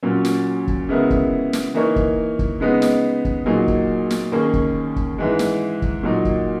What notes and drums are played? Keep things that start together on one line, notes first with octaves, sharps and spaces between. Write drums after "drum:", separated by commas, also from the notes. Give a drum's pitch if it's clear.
A#2 F#3 C#4
drum: snare
drum: kick
C#3 G#3 B3 E4 A#4
drum: kick
drum: snare
E3 A#3 D#4 A#4 C#5
drum: kick
drum: kick
C#3 G#3 B3 D#4
drum: snare
drum: kick
A#2 F#3 A#3 D#4 G#4
drum: kick
drum: snare
D#2 D#3 A#3 C#4 G#4
drum: kick
drum: kick
G#2 E3 G#3
drum: snare
drum: kick
A#2 F#3 A#3 D#4
drum: kick